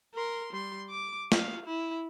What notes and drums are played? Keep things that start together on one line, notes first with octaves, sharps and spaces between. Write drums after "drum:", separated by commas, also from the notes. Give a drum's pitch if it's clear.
A#4 C6
G3 C6
D6
F5, drum: snare
E4